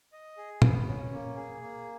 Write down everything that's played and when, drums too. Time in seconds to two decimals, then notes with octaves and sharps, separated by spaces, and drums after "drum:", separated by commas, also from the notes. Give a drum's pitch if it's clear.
0.13 D#5
0.37 G#4
0.62 B3, drum: tom
0.87 C#4
1.12 A#3
1.36 G#4
1.62 A#3